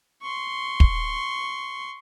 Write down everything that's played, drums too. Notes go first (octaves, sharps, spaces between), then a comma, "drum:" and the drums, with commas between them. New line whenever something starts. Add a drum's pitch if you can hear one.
C6 C#6
drum: kick